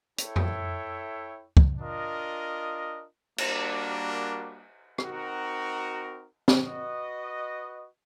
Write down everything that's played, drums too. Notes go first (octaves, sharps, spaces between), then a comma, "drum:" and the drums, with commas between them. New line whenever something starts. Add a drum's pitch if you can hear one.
E4 A4 C#5 E5 G5, drum: hi-hat
drum: tom F2
drum: kick C#2
D4 F4 A#4 D#5
G3 A#3 D4 F#4 A#4, drum: cymbal
C4 D#4 F#4 A#4, drum: rim click
drum: snare C4
F#4 B4 D#5